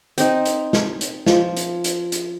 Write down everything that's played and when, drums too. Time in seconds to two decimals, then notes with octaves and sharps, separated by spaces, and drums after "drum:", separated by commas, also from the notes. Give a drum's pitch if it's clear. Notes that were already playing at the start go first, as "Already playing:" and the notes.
0.18 C4 D#4, drum: hi-hat
0.45 drum: hi-hat
0.73 drum: snare
1.01 drum: hi-hat
1.26 F3, drum: snare
1.57 drum: hi-hat
1.84 drum: hi-hat
2.12 drum: hi-hat